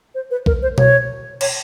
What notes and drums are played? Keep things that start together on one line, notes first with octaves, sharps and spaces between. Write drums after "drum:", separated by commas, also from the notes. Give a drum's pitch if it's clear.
C5
B4
A#4, drum: kick B1
C5
C#5, drum: tom B2
C#5, drum: cymbal